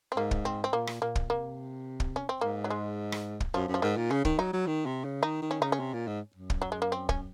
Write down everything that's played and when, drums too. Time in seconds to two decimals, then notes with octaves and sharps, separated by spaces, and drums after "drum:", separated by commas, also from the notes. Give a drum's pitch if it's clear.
0.12 C4
0.17 G#2 A#3
0.31 drum: kick
0.45 C4
0.64 C4
0.73 A#2 A#3
0.87 drum: rim click
1.01 A#2 A#3
1.15 drum: kick
1.29 C3 A#3
2.00 drum: kick
2.16 C#4
2.29 C4
2.41 G#2 A#3
2.64 F#3
2.70 G#3
3.12 drum: rim click
3.40 drum: kick
3.54 F#2 F3
3.68 F#2
3.74 F3
3.82 G#2 D#3
3.97 A#2
4.11 C#3 C#4
4.25 D#3, drum: kick
4.39 F#3 D#4
4.53 F#3
4.67 D#3
4.86 C3
5.04 C#3
5.23 D#3 D#4
5.42 D#3
5.51 C#4
5.61 C#3 D#4
5.72 C#4
5.79 C3
5.93 A#2
6.07 G#2
6.36 F#2
6.50 drum: kick
6.62 F#3
6.72 G#3
6.82 A#3
6.92 C4
7.09 C#4, drum: kick